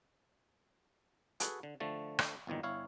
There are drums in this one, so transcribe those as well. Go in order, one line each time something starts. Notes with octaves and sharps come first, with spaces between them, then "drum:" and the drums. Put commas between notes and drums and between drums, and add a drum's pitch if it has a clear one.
F#4 G#4 A4 B4 F#5, drum: hi-hat
D3
D3 F3 A3 A5
drum: rim click
G1 E2 A#2 D#3
G1 E4 C#5 F5